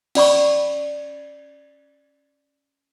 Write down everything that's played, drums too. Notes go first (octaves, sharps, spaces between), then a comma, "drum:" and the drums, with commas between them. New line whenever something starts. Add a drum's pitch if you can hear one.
C#4 D5 B5 C#6, drum: cymbal